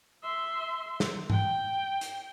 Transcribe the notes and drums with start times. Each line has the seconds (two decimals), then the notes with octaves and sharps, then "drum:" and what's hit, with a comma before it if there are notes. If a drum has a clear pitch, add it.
0.23 E5 C6
1.00 drum: snare
1.30 G5, drum: tom
2.01 drum: hi-hat